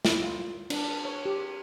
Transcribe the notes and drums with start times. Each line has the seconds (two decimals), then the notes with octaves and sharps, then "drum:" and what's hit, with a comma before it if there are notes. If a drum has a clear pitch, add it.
0.05 E4, drum: snare
0.21 F4
0.70 D4, drum: cymbal
1.05 C#5
1.26 G4